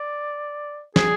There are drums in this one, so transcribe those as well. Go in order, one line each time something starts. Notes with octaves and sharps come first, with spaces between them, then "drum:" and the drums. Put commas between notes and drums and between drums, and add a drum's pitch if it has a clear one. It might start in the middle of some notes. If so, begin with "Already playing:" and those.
Already playing: D5
G#4, drum: snare